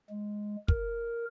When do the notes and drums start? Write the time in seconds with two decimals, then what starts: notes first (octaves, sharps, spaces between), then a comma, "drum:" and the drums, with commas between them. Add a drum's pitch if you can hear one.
0.10 G#3
0.68 A#4, drum: kick